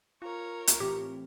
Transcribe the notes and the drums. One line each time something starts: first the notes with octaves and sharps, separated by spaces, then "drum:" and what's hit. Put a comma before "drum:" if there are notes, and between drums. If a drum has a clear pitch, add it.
F4 A#4 C#5 A#5
drum: hi-hat
A2 E3 C4 G4